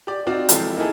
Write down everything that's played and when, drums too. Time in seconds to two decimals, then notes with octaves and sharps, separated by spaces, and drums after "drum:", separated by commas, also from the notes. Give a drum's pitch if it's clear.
0.07 G4 D5
0.27 C4 D#4 F4 F#4 D5
0.49 C3 E3 F3 G#3 G4 A4, drum: hi-hat
0.77 A#3 D#4 E4 G#4 A4